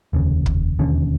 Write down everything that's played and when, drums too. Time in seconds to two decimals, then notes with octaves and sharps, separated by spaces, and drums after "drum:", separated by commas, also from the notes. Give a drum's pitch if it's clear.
0.13 F1 D#2 C#3
0.46 drum: kick
0.79 E1 D#2 D3 C#4